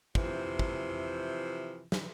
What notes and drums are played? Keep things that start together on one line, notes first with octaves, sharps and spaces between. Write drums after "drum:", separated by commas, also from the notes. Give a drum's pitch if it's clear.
C3 E3 F3, drum: kick
drum: kick
drum: snare